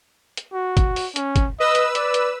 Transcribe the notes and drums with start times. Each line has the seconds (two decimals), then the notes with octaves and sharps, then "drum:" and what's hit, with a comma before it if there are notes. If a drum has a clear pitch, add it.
0.37 drum: hi-hat
0.53 F#4
0.77 drum: kick, hi-hat
0.96 drum: open hi-hat
1.16 C#4, drum: hi-hat
1.36 drum: kick, hi-hat
1.60 B4 D#5 E6
1.75 drum: hi-hat
1.95 D5, drum: hi-hat
2.14 drum: hi-hat